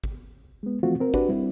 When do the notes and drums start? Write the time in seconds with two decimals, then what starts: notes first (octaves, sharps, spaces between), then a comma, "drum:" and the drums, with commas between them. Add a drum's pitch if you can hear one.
0.04 drum: kick
0.63 G#3 B3
0.83 E3 F3 A3 C4 F4 F#4
1.00 C4 A#4
1.14 D4 F#4 G4 B4, drum: kick
1.29 G3 C4 E4